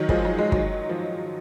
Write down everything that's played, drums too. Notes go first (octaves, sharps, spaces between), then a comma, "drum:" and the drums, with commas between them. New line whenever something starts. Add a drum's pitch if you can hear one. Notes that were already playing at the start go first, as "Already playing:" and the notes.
Already playing: D#3 F#3
F3 G#3, drum: kick
F#3
G#3
D#3 F#3, drum: kick
F3